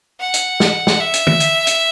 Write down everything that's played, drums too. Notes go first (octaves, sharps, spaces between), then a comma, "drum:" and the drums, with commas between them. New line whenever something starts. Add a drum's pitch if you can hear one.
F#5
drum: hi-hat
drum: snare
drum: snare
E5
drum: hi-hat
drum: tom
drum: hi-hat
drum: hi-hat